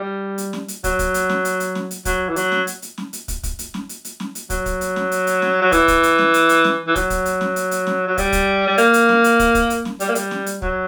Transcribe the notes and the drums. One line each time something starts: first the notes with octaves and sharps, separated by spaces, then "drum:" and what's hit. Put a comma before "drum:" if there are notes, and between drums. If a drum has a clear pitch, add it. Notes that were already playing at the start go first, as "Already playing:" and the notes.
Already playing: G3
drum: hi-hat
drum: snare
drum: hi-hat
F#3, drum: kick, hi-hat
drum: kick, hi-hat
drum: hi-hat
drum: snare
drum: hi-hat
drum: hi-hat
drum: snare
drum: hi-hat
F#3, drum: kick, hi-hat
E3
F#3, drum: hi-hat
drum: snare
drum: hi-hat
drum: hi-hat
drum: snare
drum: hi-hat
drum: kick, hi-hat
drum: kick, hi-hat
drum: hi-hat
drum: snare
drum: hi-hat
drum: hi-hat
drum: snare
drum: hi-hat
F#3, drum: kick, hi-hat
drum: kick, hi-hat
drum: hi-hat
drum: snare
drum: hi-hat
drum: hi-hat
drum: snare
F#3
E3, drum: kick, hi-hat
drum: kick, hi-hat
drum: hi-hat
drum: snare
drum: hi-hat
drum: hi-hat
drum: snare
E3
F#3, drum: kick, hi-hat
drum: kick, hi-hat
drum: hi-hat
drum: snare
drum: hi-hat
drum: hi-hat
drum: snare
F#3
G3, drum: kick, hi-hat
drum: kick, hi-hat
G3
A#3, drum: hi-hat
drum: hi-hat
drum: snare
drum: hi-hat
drum: kick, hi-hat
drum: kick, hi-hat
drum: hi-hat
drum: snare
G3, drum: hi-hat
A#3
G3, drum: hi-hat
drum: snare
drum: hi-hat
F#3, drum: kick